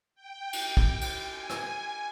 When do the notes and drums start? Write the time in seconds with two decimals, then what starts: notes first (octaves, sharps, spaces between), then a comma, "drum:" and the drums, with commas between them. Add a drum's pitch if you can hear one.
0.15 G5
0.53 drum: cymbal
0.77 drum: kick
1.01 drum: cymbal
1.25 G#5
1.50 drum: rim click